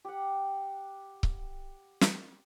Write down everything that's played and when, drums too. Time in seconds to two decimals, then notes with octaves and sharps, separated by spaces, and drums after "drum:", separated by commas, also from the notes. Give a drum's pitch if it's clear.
0.05 G4 F#5
1.23 drum: kick C#1
2.01 drum: snare